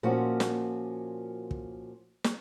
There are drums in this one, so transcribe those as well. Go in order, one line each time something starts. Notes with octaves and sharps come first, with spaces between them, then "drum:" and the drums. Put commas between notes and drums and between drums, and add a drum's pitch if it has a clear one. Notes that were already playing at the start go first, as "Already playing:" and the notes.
A#2 F3 A#3 C#4 F#4
drum: snare
drum: kick
drum: snare